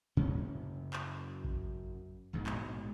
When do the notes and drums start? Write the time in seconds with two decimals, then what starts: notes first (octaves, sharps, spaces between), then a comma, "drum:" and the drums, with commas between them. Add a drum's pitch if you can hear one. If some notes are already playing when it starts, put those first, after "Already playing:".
0.17 F#2 C#3 C#4
0.93 drum: clap
1.44 drum: kick A1
2.33 A#1 G#2 B2 G#3
2.46 drum: clap